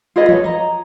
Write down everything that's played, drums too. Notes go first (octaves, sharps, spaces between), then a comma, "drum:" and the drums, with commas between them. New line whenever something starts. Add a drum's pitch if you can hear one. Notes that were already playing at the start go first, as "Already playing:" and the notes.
F4 G#4 B4 D#5
A4 C#5, drum: tom
D#5 A#5